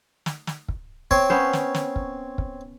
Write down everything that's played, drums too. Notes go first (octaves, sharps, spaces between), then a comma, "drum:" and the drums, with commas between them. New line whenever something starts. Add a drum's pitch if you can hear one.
drum: snare
drum: snare
drum: kick
C4 C#5 C6, drum: kick
B3 C#4 C5
drum: snare
drum: snare
drum: kick
drum: kick